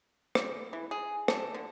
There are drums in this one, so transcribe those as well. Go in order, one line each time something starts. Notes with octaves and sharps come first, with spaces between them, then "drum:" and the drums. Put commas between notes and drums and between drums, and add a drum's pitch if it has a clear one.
drum: rim click
E3
G#4
A4, drum: rim click
D3